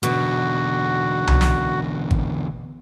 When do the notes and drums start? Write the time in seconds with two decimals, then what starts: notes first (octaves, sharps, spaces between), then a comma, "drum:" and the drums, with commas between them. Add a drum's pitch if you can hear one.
0.03 E2 B2 D3 F#4, drum: hi-hat
1.27 drum: tom C2
1.41 drum: snare
2.11 drum: kick G#1